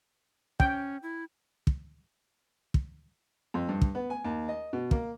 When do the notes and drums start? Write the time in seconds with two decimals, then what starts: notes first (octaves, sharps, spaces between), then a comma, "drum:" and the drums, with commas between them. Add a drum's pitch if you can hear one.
0.60 C#4 G5, drum: kick
1.03 E4
1.67 drum: kick
2.74 drum: kick
3.54 F2
3.69 G2
3.82 drum: kick
3.95 B3
4.10 G#5
4.24 D#2
4.49 D#5
4.73 B2
4.91 A#3, drum: kick